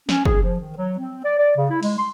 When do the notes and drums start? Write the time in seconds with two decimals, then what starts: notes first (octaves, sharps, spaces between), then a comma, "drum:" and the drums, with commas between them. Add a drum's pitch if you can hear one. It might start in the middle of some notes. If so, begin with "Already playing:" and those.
0.09 C#4, drum: snare
0.25 G#4, drum: kick
0.42 F3
0.60 D#3
0.77 F#3
0.98 C4
1.24 D5
1.39 D5
1.56 C#3
1.70 E4
1.83 G#3, drum: open hi-hat
1.98 C6